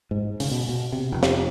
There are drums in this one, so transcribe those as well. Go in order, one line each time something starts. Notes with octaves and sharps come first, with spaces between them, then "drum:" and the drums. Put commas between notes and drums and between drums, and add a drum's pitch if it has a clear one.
G#2
C#3, drum: open hi-hat
B2
B2
C3
F1
drum: snare